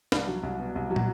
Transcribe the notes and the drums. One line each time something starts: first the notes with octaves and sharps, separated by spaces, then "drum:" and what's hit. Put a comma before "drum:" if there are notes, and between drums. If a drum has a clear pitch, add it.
C2 D4, drum: snare
F#3
C2
B2
C2
F#3
F#4, drum: tom